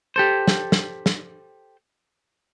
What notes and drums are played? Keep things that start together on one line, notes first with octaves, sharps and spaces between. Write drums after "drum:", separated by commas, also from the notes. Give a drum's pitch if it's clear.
G4 A4 C5
drum: snare
drum: snare
drum: snare